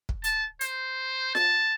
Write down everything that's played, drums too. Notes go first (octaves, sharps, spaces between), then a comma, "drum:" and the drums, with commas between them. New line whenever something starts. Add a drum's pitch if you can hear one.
drum: kick
A5, drum: hi-hat
C5, drum: hi-hat
A5, drum: snare F4